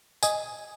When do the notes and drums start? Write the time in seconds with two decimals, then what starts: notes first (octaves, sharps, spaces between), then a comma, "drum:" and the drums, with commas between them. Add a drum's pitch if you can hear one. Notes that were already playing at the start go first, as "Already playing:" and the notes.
0.23 D#5 G#5, drum: tambourine